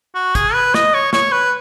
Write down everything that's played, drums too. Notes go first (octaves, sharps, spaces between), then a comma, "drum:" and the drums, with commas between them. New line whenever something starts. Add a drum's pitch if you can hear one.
F#4
G#4, drum: kick, hi-hat
B4
D#5, drum: snare
C#5
C#5, drum: snare
B4